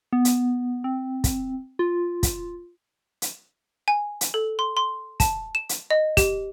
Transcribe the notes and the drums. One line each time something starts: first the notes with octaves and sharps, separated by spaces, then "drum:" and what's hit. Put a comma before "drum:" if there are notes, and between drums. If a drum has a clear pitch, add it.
B3
drum: hi-hat
C4
drum: kick, hi-hat
F4
drum: kick, hi-hat
drum: hi-hat
G#5
drum: hi-hat
A4
C6
C6
A5, drum: kick, hi-hat
E7
drum: hi-hat
D#5
G4, drum: kick, hi-hat